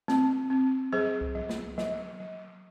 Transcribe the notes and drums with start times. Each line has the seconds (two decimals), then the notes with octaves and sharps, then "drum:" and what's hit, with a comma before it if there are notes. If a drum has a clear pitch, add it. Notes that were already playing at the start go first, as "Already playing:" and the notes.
0.08 C4, drum: snare
0.50 C4
0.92 F#3 G#4 C5
1.21 drum: kick C2
1.35 F#3
1.49 drum: snare
1.78 F#3, drum: snare
2.20 F#3